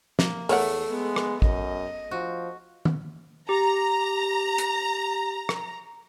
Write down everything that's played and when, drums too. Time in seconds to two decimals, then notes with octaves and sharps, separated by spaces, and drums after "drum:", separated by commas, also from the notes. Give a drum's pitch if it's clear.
0.19 A#3, drum: snare
0.49 E2 A3 A#4 C#5 F#5, drum: open hi-hat
0.90 G#3 B3
1.16 drum: rim click
1.42 F#2 D#5, drum: kick
2.11 F3 F#4
2.85 drum: tom D#3
3.49 G4 A#5
4.58 drum: hi-hat
5.49 drum: rim click